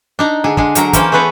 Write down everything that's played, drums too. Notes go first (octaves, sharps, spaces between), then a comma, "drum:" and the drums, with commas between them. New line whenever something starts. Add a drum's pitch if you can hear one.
D4 D#4 A#5
D3 G#4
D3 G#3 G#4, drum: kick
D3 F#3 A#4 A#5, drum: hi-hat
E3 A#3 C#4 C5 F5 G5, drum: kick, hi-hat
A3 B3 G#4 B4 C#5 A#5